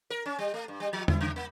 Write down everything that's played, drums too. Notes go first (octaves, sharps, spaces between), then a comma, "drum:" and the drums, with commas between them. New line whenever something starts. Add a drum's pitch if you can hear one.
A#4
C#4
G3
A3
G2
G3
F3
E4, drum: tom E2
C#3
A#3